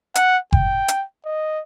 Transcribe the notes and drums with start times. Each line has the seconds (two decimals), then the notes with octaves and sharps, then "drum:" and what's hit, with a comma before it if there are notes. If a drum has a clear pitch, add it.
0.15 F#5, drum: hi-hat
0.53 G5, drum: kick F#1
0.88 drum: hi-hat
1.25 D#5